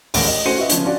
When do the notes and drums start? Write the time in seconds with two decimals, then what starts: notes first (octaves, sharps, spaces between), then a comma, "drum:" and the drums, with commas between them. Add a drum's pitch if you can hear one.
0.14 A1 D#2 G#3 F#5 A#6 D7, drum: open hi-hat
0.27 D#5
0.45 A3 C#4 F#4 C5 C#7 D#7
0.57 F4 F#4 B4 D#5 E5
0.69 C#3 F3 B3 C#4, drum: hi-hat
0.85 C#4 D4 F4 F#4 D5